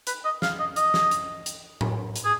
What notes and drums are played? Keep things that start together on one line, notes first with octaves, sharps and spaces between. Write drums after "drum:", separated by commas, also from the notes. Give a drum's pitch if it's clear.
B4, drum: hi-hat
D#5
F5, drum: snare
D#5
D#5, drum: hi-hat
drum: snare
drum: hi-hat
drum: hi-hat
drum: tom A2
drum: hi-hat
G#4